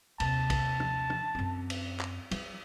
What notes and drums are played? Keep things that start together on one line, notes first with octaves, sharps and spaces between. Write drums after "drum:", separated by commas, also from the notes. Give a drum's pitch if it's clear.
D#2 C3 A5, drum: cymbal
drum: kick, cymbal
drum: tom
drum: tom
F#2 C4
drum: cymbal
drum: clap
F#3, drum: cymbal